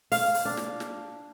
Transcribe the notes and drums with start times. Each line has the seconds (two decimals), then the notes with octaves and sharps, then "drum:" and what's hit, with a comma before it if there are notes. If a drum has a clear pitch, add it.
0.12 F5, drum: open hi-hat
0.34 drum: open hi-hat
0.45 D4
0.57 drum: snare
0.80 drum: snare